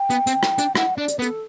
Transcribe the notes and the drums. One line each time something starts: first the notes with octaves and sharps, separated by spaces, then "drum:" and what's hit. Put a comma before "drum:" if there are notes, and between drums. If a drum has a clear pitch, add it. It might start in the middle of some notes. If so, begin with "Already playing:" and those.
Already playing: G5
B3, drum: hi-hat
C4, drum: hi-hat
drum: rim click
D4, drum: hi-hat
E4 F#5, drum: rim click
D4 D5
drum: hi-hat
B3 B4
A4, drum: hi-hat